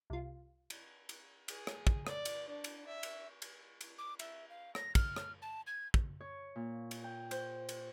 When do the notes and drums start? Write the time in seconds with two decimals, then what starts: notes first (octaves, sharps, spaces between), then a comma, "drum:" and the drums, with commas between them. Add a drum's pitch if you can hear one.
0.10 C2 F4
0.70 drum: cymbal
1.09 drum: cymbal
1.48 G#4, drum: cymbal
1.67 drum: rim click
1.87 drum: kick
2.07 D5, drum: rim click
2.25 drum: cymbal
2.49 D4
2.64 drum: cymbal
2.87 E5
3.03 drum: cymbal
3.42 drum: cymbal
3.81 drum: cymbal
3.98 D6
4.19 E5, drum: cymbal
4.49 F5
4.75 A#6, drum: rim click
4.95 F6, drum: kick, cymbal
5.16 drum: rim click
5.42 A5
5.67 G#6
5.94 drum: kick
6.21 C#5
6.56 A#2
6.91 drum: cymbal
7.04 G5
7.31 C5, drum: cymbal
7.69 drum: cymbal